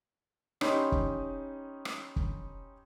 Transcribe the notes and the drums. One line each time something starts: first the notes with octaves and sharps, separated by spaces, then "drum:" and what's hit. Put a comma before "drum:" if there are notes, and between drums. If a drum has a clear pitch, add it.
C#4 D#4 G4 B5 C6, drum: rim click
drum: kick
drum: rim click
drum: kick